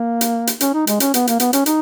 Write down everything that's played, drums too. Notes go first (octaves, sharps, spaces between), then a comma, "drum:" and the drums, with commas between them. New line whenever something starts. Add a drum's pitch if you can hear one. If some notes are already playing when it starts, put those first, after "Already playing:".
Already playing: A#3
drum: hi-hat
drum: hi-hat
C#4, drum: hi-hat
D#4
G#3, drum: hi-hat
C#4, drum: hi-hat
B3, drum: hi-hat
A#3, drum: hi-hat
B3, drum: hi-hat
C#4, drum: hi-hat
D#4, drum: hi-hat